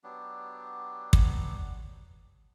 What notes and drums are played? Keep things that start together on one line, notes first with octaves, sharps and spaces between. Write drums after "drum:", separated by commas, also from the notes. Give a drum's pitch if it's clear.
F#3 B3 D4 G4
drum: kick